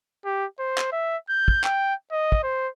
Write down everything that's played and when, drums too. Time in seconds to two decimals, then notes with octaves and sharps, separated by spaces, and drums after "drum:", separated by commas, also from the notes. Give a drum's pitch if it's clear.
0.25 G4
0.59 C5
0.78 drum: clap
0.92 E5
1.29 G6
1.48 drum: kick
1.64 G5, drum: clap
2.12 D#5
2.32 drum: kick
2.43 C5